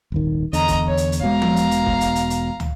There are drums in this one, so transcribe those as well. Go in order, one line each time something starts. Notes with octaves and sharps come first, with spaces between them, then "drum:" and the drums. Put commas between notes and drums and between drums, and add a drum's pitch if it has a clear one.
D#1 G#1 D#3
E2 D3 D#5 A#5, drum: hi-hat
drum: kick, hi-hat
C#5
drum: hi-hat
drum: hi-hat
E1 B2 G#3 F5 A#5
drum: tom F3
drum: hi-hat
drum: hi-hat
drum: kick
drum: hi-hat
drum: hi-hat
drum: hi-hat
drum: tom